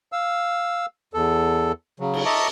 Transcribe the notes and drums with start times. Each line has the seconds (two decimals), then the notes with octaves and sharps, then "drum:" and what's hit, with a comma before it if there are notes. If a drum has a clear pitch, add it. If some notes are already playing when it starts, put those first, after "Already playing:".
0.12 F5 E6
1.14 E2 A4
2.00 C#3 F#3
2.14 drum: cymbal
2.26 D#5 E5 A5 A#5 C#6 D6